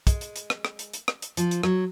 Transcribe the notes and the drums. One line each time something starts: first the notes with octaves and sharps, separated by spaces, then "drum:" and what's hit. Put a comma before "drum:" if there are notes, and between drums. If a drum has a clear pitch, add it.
G#3, drum: kick, hi-hat
drum: hi-hat
drum: hi-hat
drum: rim click
drum: rim click
drum: hi-hat
drum: hi-hat
drum: rim click
drum: hi-hat
F3, drum: hi-hat
drum: hi-hat
F#3, drum: rim click